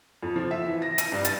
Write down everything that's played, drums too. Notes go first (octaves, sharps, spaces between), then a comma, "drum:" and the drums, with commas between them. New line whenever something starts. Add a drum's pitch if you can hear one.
F2
F3
E5
E3
A#6
D#7, drum: hi-hat
G2
A6, drum: hi-hat